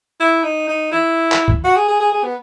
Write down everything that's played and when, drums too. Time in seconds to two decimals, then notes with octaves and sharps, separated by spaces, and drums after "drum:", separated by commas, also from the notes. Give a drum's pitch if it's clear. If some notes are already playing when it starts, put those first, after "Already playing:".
0.20 E4
0.44 D#4
0.68 D#4
0.92 E4
1.32 drum: clap
1.48 drum: kick
1.64 F#4
1.76 G#4
1.88 G#4
2.00 G#4
2.12 G#4
2.24 B3